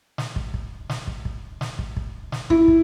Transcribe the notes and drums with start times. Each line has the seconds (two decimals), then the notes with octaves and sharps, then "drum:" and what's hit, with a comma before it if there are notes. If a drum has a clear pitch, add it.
0.18 drum: snare
0.36 drum: kick
0.54 drum: kick
0.89 drum: snare
1.07 drum: kick
1.25 drum: kick
1.61 drum: snare
1.79 drum: kick
1.97 drum: kick
2.32 drum: snare
2.50 E4, drum: kick
2.68 drum: kick